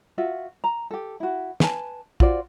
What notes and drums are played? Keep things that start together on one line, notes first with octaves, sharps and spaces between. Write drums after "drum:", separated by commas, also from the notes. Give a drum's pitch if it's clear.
F4 F#4 E5
A#5
G4 A4
E4 F#4
B4 G#5 A5, drum: snare
F4 F#4 C5 D5, drum: kick